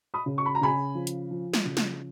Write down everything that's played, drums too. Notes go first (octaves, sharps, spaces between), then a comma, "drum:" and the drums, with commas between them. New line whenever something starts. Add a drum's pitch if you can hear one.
B5 D#6
C#3
C#6
B5
A#5
C#3 G#5 B5
F3
drum: hi-hat
F3
drum: snare
C#3
drum: snare